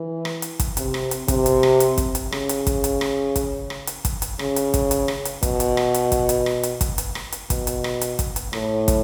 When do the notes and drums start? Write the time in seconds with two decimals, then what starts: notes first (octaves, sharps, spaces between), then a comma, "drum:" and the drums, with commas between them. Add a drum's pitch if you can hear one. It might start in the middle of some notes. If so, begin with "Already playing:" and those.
Already playing: E3
0.25 drum: rim click
0.42 drum: hi-hat
0.59 drum: kick, hi-hat
0.77 C3, drum: hi-hat
0.94 drum: rim click
1.11 drum: hi-hat
1.28 C3, drum: kick, hi-hat
1.46 drum: hi-hat
1.63 drum: rim click
1.80 drum: hi-hat
1.98 drum: kick, hi-hat
2.15 drum: hi-hat
2.32 C#3, drum: rim click
2.49 drum: hi-hat
2.67 drum: kick, hi-hat
2.84 drum: hi-hat
3.01 drum: rim click
3.36 drum: kick, hi-hat
3.70 drum: rim click
3.87 drum: hi-hat
4.05 drum: kick, hi-hat
4.22 drum: hi-hat
4.39 C#3, drum: rim click
4.56 drum: hi-hat
4.74 drum: kick, hi-hat
4.91 drum: hi-hat
5.08 drum: rim click
5.25 drum: hi-hat
5.43 B2, drum: kick, hi-hat
5.60 drum: hi-hat
5.77 drum: rim click
5.94 drum: hi-hat
6.12 drum: kick, hi-hat
6.29 drum: hi-hat
6.46 drum: rim click
6.63 drum: hi-hat
6.81 drum: kick, hi-hat
6.98 drum: hi-hat
7.15 drum: rim click
7.32 drum: hi-hat
7.50 B2, drum: kick, hi-hat
7.67 drum: hi-hat
7.84 drum: rim click
8.01 drum: hi-hat
8.19 drum: kick, hi-hat
8.36 drum: hi-hat
8.53 A2, drum: rim click
8.88 drum: kick, hi-hat